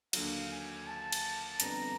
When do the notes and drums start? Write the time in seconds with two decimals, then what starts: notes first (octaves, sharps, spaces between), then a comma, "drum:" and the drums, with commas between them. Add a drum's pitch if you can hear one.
0.13 D#2 D3 F#3 F5, drum: cymbal
0.50 G#5
0.87 A5
1.12 drum: cymbal
1.60 F2 D3 G3 B3 A#5, drum: hi-hat